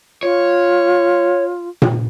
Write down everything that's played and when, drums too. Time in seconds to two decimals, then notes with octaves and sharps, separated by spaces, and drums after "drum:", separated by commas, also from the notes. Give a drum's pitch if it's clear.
0.23 F4 C#5
1.82 drum: tom A#2